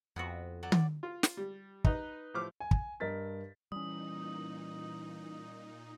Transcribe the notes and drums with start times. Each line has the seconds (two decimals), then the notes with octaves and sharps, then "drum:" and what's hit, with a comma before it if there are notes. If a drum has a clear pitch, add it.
0.16 F2 B3 C4 F#4
0.63 F#3 D5 F#5
0.72 drum: tom D#3
1.03 F4
1.23 drum: snare
1.37 G3
1.85 D#4 B4 D#5, drum: kick
2.34 A2 F3 D6 F6
2.60 G#5
2.71 drum: kick
3.00 G2 A#4 D#5 A6 B6
3.72 A#2 E3 G3 C#4 D#4 D#6